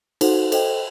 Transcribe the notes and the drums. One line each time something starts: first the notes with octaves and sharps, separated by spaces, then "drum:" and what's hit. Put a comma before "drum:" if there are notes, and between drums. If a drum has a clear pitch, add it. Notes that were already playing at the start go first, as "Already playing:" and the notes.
D#4 F#4 A4 C5 F#5, drum: cymbal
A4 C5 D#5 G5, drum: cymbal